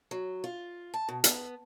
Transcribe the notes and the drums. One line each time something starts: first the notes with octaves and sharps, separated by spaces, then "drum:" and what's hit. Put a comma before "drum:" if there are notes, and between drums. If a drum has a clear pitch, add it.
F#3
F4
A5
B2
B3, drum: hi-hat